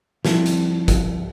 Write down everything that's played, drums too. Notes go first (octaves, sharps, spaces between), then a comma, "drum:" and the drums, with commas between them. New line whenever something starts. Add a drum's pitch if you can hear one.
F3 G3 C4 E4 A4, drum: snare
drum: hi-hat
drum: kick, hi-hat